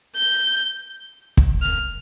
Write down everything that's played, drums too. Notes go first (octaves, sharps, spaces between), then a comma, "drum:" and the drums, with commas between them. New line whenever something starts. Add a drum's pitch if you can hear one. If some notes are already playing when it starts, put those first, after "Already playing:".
G6
drum: kick
F6